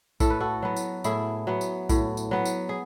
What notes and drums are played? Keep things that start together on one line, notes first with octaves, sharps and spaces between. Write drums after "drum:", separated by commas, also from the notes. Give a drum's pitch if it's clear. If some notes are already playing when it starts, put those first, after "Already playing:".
A2 A4, drum: kick A#1, tambourine
B4
F#4 A4
F#3 B3
drum: tambourine
A2 E4 G#4, drum: tambourine
F#3 B3
drum: tambourine
A2, drum: kick A#1, tambourine
drum: tambourine
F#3 B3
drum: tambourine
G#4